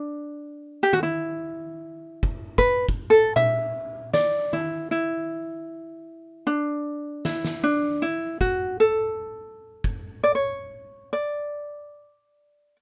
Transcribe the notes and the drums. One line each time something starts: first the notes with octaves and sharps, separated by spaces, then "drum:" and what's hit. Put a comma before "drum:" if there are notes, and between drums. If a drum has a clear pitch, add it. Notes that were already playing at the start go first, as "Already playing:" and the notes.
Already playing: D4
G4
F#4, drum: tom D#3
E4
drum: kick
B4, drum: kick
drum: kick
A4
E5, drum: tom A#2
D5, drum: snare
E4, drum: tom D#3
E4
D4
E4, drum: snare
drum: snare
D4
E4
F#4, drum: kick
A4
drum: kick
D5
C#5
D5